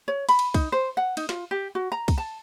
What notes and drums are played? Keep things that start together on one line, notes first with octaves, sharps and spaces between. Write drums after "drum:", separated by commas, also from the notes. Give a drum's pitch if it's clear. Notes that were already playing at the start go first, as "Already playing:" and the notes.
C#5
B5, drum: cymbal
drum: cymbal
D#4, drum: kick, cymbal
C5
F#5
D#4, drum: cymbal
F4, drum: snare
G4
F#4
A#5
drum: kick, cymbal
A5